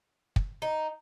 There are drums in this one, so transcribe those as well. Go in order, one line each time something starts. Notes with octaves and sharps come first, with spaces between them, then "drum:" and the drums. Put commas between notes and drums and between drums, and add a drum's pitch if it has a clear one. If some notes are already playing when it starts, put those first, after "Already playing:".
drum: kick
D#4